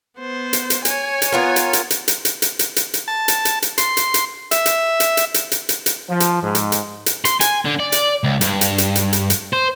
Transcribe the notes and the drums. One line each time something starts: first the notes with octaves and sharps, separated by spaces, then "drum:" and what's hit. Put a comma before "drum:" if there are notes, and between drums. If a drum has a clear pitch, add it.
B3 C5
drum: hi-hat
drum: hi-hat
C#5 G#5, drum: hi-hat
drum: hi-hat
B3 F4 A#4
drum: hi-hat
drum: hi-hat
drum: hi-hat
drum: hi-hat
drum: hi-hat
drum: hi-hat
drum: hi-hat
drum: hi-hat
drum: hi-hat
A5
drum: hi-hat
drum: hi-hat
drum: hi-hat
C6, drum: hi-hat
drum: hi-hat
drum: hi-hat
E5, drum: hi-hat
drum: hi-hat
drum: hi-hat
drum: hi-hat
drum: hi-hat
drum: hi-hat
drum: hi-hat
drum: hi-hat
F3
drum: hi-hat
G#2
drum: hi-hat
drum: hi-hat
drum: hi-hat
C6, drum: hi-hat
G#5, drum: hi-hat
D3
D5
drum: hi-hat
C#2
G2, drum: hi-hat
drum: hi-hat
drum: hi-hat
drum: hi-hat
drum: hi-hat
drum: hi-hat
C5